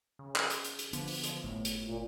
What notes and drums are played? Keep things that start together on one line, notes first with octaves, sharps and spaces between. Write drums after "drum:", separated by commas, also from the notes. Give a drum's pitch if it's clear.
C#3
drum: clap
drum: hi-hat
drum: hi-hat
drum: hi-hat
D3 F3 B3, drum: hi-hat
drum: open hi-hat
F3, drum: hi-hat
G1 A2
drum: hi-hat
A#2